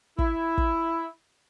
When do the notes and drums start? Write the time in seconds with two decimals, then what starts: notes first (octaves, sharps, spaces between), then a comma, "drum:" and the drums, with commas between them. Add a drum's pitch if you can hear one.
0.18 E4, drum: kick
0.58 drum: kick